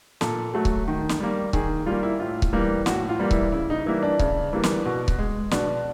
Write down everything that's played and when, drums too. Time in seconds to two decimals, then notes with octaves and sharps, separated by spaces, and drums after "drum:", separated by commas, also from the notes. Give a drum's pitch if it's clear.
0.21 A#2 A4, drum: snare
0.54 F#3 A3
0.65 drum: kick C#1
0.88 D#3
1.09 drum: snare
1.20 G3 A#3
1.53 D#3 G#4, drum: kick C#1
1.86 G3 A#3 F4
2.03 E4
2.19 A2 F4
2.42 drum: kick C#1
2.53 E3 G3 A#3
2.86 A2 F#4, drum: snare
3.09 F4
3.19 E3 G3 A#3
3.31 E4, drum: kick C#1
3.52 C#3 E4
3.70 D#4
3.86 E3 G3 A#3 E4
4.02 D4
4.19 C#3, drum: kick C#1
4.53 E3 G3 A#3
4.63 drum: snare
4.85 B2
5.08 drum: kick C#1
5.18 G#3
5.51 B2 D4, drum: snare